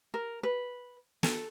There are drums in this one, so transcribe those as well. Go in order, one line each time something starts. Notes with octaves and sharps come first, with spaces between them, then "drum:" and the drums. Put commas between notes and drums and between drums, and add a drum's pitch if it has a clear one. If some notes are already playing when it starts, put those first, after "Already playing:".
A#4
B4
A4, drum: snare